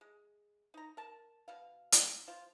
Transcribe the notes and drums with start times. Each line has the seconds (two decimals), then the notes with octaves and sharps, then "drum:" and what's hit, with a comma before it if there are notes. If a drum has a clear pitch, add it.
0.01 G#3
0.74 D#4 A#5
0.97 A#4 A5
1.48 B2 F5
1.92 drum: hi-hat
2.27 F3 F4